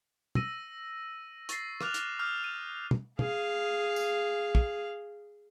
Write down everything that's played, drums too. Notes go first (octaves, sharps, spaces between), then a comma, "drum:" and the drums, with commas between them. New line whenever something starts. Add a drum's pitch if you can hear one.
E6 A#6 D#7, drum: tom
C#6 A6 A#6 C7, drum: hi-hat
C#6 D6 F6 F#6 F7, drum: rim click
drum: hi-hat
D6 D#6 F6 G6
D#7
drum: tom
G#4 F5, drum: tom
drum: tambourine
drum: kick